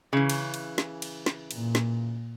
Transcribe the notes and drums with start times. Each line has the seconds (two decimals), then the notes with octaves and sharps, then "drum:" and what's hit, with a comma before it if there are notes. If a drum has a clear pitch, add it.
0.13 C#3 E3
0.30 drum: cymbal
0.54 drum: cymbal
0.78 drum: snare
1.02 drum: cymbal
1.26 drum: snare
1.51 A#2, drum: cymbal
1.75 drum: snare